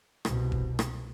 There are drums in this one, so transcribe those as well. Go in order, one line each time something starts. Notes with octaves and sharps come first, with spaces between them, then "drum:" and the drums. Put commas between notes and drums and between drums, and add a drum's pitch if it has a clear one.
C2 B2, drum: rim click
drum: kick E1
drum: rim click